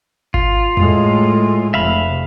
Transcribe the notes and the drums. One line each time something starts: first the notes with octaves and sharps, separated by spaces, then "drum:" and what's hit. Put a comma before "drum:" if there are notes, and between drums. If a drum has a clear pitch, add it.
F4, drum: kick G#1
A2 G#3, drum: tom F2
F1 E5 F5 B5